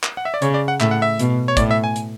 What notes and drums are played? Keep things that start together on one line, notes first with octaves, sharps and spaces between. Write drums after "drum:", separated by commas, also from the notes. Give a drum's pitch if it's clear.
drum: clap
F#5
E5
D5
C#3 C#5, drum: hi-hat
D5
F#5
A2 E5, drum: clap
F#5
E5
B2, drum: hi-hat
C#5
A2 D5, drum: kick, hi-hat
E5
G#5
drum: hi-hat